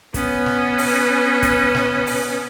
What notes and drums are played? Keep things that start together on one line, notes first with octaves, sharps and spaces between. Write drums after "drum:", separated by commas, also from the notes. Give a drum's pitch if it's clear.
B3 C#4, drum: kick, hi-hat
drum: snare
drum: open hi-hat
drum: kick, hi-hat
drum: snare
drum: open hi-hat